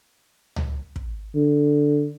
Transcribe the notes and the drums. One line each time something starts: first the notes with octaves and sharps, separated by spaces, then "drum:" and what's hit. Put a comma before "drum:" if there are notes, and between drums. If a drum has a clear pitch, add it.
drum: tom C#2
drum: kick
D3